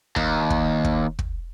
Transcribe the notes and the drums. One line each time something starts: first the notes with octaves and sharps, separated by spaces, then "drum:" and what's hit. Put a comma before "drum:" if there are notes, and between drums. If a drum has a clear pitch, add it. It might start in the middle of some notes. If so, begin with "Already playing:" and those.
D#2, drum: kick
drum: kick
drum: kick
drum: kick